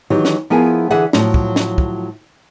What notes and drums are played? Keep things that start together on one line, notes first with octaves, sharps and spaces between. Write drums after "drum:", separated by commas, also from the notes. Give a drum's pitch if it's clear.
D#3 E3 F#3 G4
drum: snare
F3 B3 E4 G#4 A#4 G#5
D3 E3 G#4 E5 F#5
A2 F3 F#3, drum: snare
drum: kick
drum: snare
drum: kick